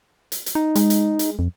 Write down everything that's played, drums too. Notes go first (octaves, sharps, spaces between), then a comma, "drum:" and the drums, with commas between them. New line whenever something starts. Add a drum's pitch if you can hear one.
drum: hi-hat
drum: hi-hat
D#4
G#3, drum: hi-hat
drum: hi-hat
drum: hi-hat
F2